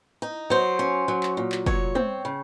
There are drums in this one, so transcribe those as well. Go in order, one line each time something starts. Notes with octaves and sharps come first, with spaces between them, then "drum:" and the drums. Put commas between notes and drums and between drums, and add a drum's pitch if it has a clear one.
D#4
F#3 C5
C#4
F#3
drum: clap
A#2
drum: clap
F#3 C#5, drum: kick
C4, drum: tom
C#3